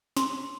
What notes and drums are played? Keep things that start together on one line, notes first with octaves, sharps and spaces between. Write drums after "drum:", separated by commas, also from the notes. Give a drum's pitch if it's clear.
C6, drum: snare